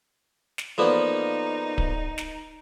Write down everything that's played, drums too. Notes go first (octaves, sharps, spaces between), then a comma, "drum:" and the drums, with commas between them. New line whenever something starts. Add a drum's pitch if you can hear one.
drum: snare
F3 A#3 B3 D#4 A4 D5
drum: kick D1
drum: snare